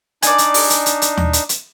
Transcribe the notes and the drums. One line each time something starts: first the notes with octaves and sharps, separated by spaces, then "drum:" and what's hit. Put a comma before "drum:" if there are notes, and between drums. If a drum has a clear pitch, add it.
D4 D#4 D5 G#5, drum: hi-hat
drum: hi-hat
drum: open hi-hat
drum: hi-hat
drum: hi-hat
drum: hi-hat
drum: tom D#2
drum: hi-hat
drum: hi-hat